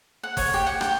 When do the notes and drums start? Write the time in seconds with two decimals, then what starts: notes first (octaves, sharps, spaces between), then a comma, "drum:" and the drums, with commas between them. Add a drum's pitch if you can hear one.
0.23 F#5
0.37 C#5, drum: kick G1, open hi-hat
0.54 G4
0.67 F#5
0.81 G4, drum: rim click